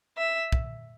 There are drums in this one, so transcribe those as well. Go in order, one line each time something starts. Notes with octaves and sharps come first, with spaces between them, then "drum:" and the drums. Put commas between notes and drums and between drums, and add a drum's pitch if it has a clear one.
E5
drum: kick